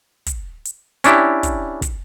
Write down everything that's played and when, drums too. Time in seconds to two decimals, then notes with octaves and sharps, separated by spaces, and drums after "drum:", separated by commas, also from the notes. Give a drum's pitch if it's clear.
0.26 drum: kick, hi-hat
0.65 drum: hi-hat
1.04 C#4 D4 E4 G4, drum: hi-hat
1.43 drum: kick, hi-hat
1.82 drum: kick, hi-hat